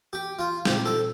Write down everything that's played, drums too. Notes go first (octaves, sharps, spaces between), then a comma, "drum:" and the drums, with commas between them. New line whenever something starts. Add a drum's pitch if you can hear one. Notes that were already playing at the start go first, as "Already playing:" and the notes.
G4
F4
A#2 G3 C4 G4, drum: snare
A4